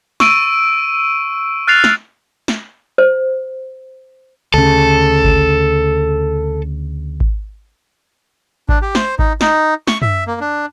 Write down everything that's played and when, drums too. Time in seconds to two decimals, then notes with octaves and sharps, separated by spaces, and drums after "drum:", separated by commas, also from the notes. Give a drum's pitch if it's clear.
0.20 C#6 E6 D7 D#7, drum: snare
1.67 F6 F#6 A6 C7 F7
1.84 drum: snare
2.48 drum: snare
2.98 C5
4.54 D2 C#3 A4
5.24 drum: kick G#1
7.20 drum: kick G#1
8.69 D4, drum: kick G#1
8.82 G4
8.95 C5, drum: snare
9.19 D#4, drum: kick G#1
9.41 D#4, drum: snare
9.87 C#6, drum: snare
10.02 E5, drum: tom
10.27 A#3
10.41 D4